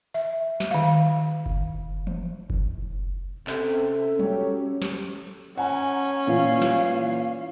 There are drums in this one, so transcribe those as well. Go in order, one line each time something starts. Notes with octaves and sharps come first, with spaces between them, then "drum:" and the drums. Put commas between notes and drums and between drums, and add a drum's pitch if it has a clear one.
E5
drum: snare
D#3 F5
drum: kick F#1
drum: tom E3
drum: kick F#1
C3 C#4 A4 E5 F#5, drum: clap
F#3 C#4 G4 C#5, drum: tom F#3
drum: snare
C#4 F#5 G#5 A#5, drum: cymbal
A#2 E3 F5
drum: snare